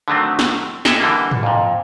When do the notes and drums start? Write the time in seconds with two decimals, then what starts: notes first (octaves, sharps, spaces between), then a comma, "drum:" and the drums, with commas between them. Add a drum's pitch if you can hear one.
0.08 D3 D#3 F#3 A3 C4
0.39 drum: snare
0.85 G#4 A4 D#5 E5 G5, drum: snare
1.00 D3 E3 G3 A#3
1.31 drum: tom G#2
1.43 F2 A#2